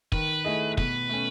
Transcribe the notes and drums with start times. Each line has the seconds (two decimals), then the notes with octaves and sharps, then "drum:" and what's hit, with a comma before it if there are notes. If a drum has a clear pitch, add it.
0.12 D#3 B4, drum: kick
0.45 A3 E4 G#4 D#5
0.78 B2 B4, drum: kick
1.09 A3 C#4